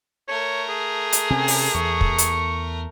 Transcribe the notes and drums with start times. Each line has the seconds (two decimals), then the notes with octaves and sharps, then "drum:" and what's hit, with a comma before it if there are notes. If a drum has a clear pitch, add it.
0.29 A3 A#4 C#5
0.69 G#4
1.13 drum: hi-hat
1.30 C3 C4 C#4 G#5
1.48 drum: open hi-hat
1.74 E2 C#6
2.01 drum: kick
2.18 drum: hi-hat